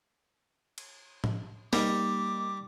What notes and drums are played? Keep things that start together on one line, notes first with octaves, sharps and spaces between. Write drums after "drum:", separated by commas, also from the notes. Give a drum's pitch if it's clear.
drum: cymbal
drum: tom A2
G3 A#3 D#4 D6, drum: snare